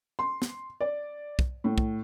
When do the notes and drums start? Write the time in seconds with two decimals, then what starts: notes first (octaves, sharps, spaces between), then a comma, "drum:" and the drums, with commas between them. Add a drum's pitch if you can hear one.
0.19 C6
0.42 drum: snare
0.81 D5
1.39 drum: kick
1.64 A2
1.78 drum: kick